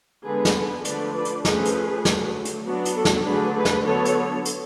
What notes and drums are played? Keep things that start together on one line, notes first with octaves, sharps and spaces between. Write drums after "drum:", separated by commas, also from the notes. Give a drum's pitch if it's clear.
D3 G#3 B3 G#4 B4
drum: snare
D3 F3 A3 D4 B4 D5, drum: hi-hat
B4 D5
drum: hi-hat
F3 A3 C#4 G#4 B4, drum: snare
drum: hi-hat
D3 F#3 A3, drum: snare
drum: hi-hat
F#3 B3 D4 F#4
drum: hi-hat
F#4 A4
drum: snare
D3 F#3 A3 D4 G#4 B4
G#4 B4
drum: snare
D3 F#3 B3 A4 C#5
drum: hi-hat
drum: hi-hat